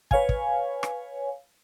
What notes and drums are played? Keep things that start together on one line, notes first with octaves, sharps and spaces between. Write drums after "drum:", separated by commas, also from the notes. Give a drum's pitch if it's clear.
B4 C#5 F5 G#5, drum: kick
drum: kick
drum: rim click